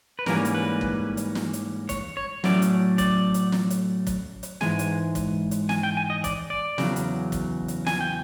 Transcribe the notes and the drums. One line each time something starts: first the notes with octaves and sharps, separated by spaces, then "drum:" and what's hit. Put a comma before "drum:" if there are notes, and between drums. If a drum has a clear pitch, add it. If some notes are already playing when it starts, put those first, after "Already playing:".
B4
G#2 E3 G3 A#3 C#4 A#4, drum: snare
drum: hi-hat
B4
drum: kick
drum: hi-hat
drum: snare
drum: hi-hat
C#5, drum: kick, hi-hat
C#5
A2 F#3 A3 C#4 D5, drum: snare
drum: hi-hat
D5, drum: kick, hi-hat
drum: hi-hat
drum: snare
drum: hi-hat
drum: kick, hi-hat
drum: hi-hat
G#2 E3 G#3 G#5, drum: snare
drum: hi-hat
drum: kick, hi-hat
drum: hi-hat
G#5, drum: snare
G5
G#5
D#5
D5, drum: kick, hi-hat
D5
E2 C#3 F#3, drum: snare
drum: hi-hat
drum: kick, hi-hat
drum: hi-hat
G#5, drum: snare
G5